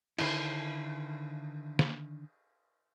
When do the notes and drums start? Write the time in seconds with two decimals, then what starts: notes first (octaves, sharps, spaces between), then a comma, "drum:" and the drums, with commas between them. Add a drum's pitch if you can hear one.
0.18 D3 D#3 E4, drum: cymbal
1.79 drum: snare